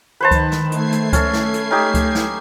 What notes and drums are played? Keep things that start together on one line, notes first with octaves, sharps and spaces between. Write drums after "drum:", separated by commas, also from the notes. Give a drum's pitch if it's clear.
D#3 B4 C5 A5
drum: kick C#2, hi-hat
drum: snare
A3 G#6 C7, drum: hi-hat
drum: hi-hat
C#4 A4, drum: kick C#2, hi-hat
drum: snare
drum: hi-hat
C#4 D#4 G4
drum: kick C#2, hi-hat
drum: snare